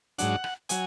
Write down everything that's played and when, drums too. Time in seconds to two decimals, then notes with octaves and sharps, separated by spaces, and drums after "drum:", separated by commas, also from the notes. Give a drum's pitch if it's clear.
0.18 G#2 F#3 D4 F#5, drum: hi-hat
0.44 drum: rim click
0.69 F#3 G#5, drum: hi-hat